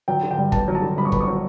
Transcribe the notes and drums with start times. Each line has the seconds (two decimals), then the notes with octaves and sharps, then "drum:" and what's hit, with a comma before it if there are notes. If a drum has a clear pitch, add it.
0.08 F#3 G5
0.23 D3
0.31 G5
0.37 G2
0.52 B3 A5, drum: kick
0.68 F#3
0.75 A5
0.82 D3
0.97 G2 B5
1.05 C#6
1.12 B3 B5, drum: kick
1.21 C#6
1.28 F#3